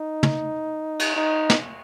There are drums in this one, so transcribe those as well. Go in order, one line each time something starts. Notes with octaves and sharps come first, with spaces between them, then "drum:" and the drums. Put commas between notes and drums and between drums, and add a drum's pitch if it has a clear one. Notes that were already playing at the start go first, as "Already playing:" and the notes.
Already playing: D#4
drum: tom
drum: cymbal
D#4
drum: snare